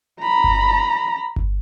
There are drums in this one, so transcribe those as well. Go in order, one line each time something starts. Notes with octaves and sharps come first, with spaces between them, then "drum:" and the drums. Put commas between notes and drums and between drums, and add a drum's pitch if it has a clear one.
A#5 B5
drum: kick G1
drum: kick G1